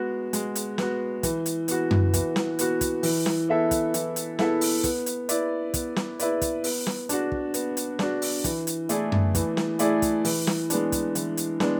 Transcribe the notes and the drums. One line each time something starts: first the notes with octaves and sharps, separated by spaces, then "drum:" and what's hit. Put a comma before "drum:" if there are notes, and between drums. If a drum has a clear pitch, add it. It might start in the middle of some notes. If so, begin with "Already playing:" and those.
Already playing: G#3 B3 F#4
G#3, drum: hi-hat
drum: hi-hat
B3 F#4, drum: snare
E3, drum: kick, hi-hat
drum: hi-hat
B3 F#4, drum: hi-hat
drum: tom F#2
E3, drum: kick, hi-hat
drum: snare
B3 F#4, drum: hi-hat
drum: kick, hi-hat
E3, drum: open hi-hat
drum: snare
B3 E4 A4 E5
drum: kick, hi-hat
E3, drum: hi-hat
drum: hi-hat
B3 E4 A4 E5, drum: snare
drum: open hi-hat
B3, drum: kick, hi-hat
drum: hi-hat
E4 B4 D5, drum: hi-hat
B3, drum: kick, hi-hat
drum: snare
E4 B4 D5, drum: hi-hat
drum: kick, hi-hat
B3, drum: open hi-hat
drum: snare
D4 F#4, drum: hi-hat
drum: kick
B3, drum: hi-hat
drum: hi-hat
D4 F#4, drum: snare
drum: open hi-hat
E3, drum: kick, hi-hat
drum: hi-hat
A3 E4 G#4 D5, drum: hi-hat
drum: tom F#2
E3, drum: kick, hi-hat
drum: snare
A3 E4 G#4 D5, drum: hi-hat
drum: kick, hi-hat
E3, drum: open hi-hat
drum: snare
G#3 B3 D4, drum: hi-hat
drum: kick, hi-hat
E3, drum: hi-hat
drum: hi-hat
G#3 B3 D4, drum: snare